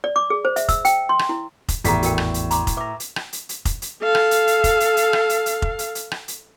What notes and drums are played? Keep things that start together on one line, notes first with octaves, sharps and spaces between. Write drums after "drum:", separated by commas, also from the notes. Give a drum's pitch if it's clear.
D5
D6
G#4
C5
E5, drum: hi-hat
E6, drum: kick F1, hi-hat
G5, drum: hi-hat
C6
drum: rim click
E4
drum: kick F1, hi-hat
G#1 E2 A2 G4 A4 D5 A#5 B6, drum: hi-hat
F#4 A#4 G5, drum: hi-hat
drum: rim click
drum: hi-hat
A#5 C6 D6, drum: hi-hat
drum: kick F1, hi-hat
B4 E5 A#5 D6
drum: hi-hat
drum: rim click
drum: hi-hat
drum: hi-hat
drum: kick F1, hi-hat
drum: hi-hat
A4 F5
drum: rim click
drum: hi-hat
drum: hi-hat
drum: kick F1, hi-hat
drum: hi-hat
drum: hi-hat
drum: rim click
drum: hi-hat
drum: hi-hat
drum: kick F1
drum: hi-hat
drum: hi-hat
drum: rim click
drum: hi-hat